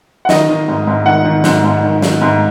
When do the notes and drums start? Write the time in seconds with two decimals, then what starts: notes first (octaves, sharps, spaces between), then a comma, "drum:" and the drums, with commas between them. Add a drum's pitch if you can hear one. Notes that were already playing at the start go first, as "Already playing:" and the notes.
0.25 F#5
0.29 D#3 D#5, drum: snare
0.49 D#3
0.68 G#2
0.87 G#2
1.06 D#3 F#5
1.25 D#3
1.44 G#2, drum: snare
1.64 G#2
1.83 D#3
2.02 D#3, drum: snare
2.22 G#2